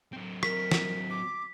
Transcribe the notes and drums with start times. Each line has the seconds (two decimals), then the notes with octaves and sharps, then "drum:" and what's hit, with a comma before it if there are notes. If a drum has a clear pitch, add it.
0.13 F#3 C4
0.43 A#4 B6, drum: rim click
0.72 drum: snare
1.10 D6